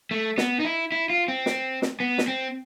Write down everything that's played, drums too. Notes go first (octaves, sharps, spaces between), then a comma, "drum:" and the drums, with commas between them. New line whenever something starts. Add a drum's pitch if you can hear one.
A3
B3, drum: snare
D#4
E4
E4
F4
C4
drum: snare
drum: snare
B3
drum: snare
C4